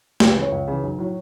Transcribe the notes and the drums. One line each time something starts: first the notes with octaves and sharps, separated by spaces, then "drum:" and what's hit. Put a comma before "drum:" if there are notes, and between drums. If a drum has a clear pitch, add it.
C#2 G4, drum: snare A3
B4
C#3 E3
C#5
C#2
C#3 E3
B1
A2 F#3